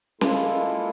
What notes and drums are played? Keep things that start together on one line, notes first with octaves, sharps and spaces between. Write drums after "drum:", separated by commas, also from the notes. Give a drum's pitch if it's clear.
G#3 A#3 E4 F4 A4, drum: snare